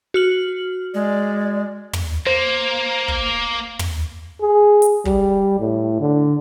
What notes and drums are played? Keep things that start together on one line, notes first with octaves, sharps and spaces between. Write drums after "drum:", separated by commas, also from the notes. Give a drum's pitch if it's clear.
F#4 F6 F#7
G#3 D5
drum: tom
A#3 C5
drum: kick
drum: tom
G#4
drum: hi-hat
G3, drum: kick
A2
D3